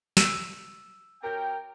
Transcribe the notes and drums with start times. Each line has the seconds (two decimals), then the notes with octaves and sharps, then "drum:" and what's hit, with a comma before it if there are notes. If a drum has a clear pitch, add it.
0.17 E6, drum: snare
1.23 C3 F#3 A#4 G5